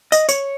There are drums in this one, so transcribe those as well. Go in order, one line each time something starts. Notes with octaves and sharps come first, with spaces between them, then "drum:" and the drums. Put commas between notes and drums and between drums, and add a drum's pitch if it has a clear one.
D#5, drum: tambourine
C#5, drum: tambourine